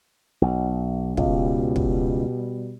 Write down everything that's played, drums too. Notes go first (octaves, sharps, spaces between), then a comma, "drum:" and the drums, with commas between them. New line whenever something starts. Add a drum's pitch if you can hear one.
B1
C#2 B2 G3, drum: kick
drum: kick